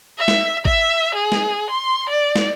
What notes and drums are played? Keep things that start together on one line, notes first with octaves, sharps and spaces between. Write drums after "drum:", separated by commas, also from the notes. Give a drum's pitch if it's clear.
E5
drum: snare
E5, drum: kick G#1
G#4
drum: snare
C6
D5
drum: snare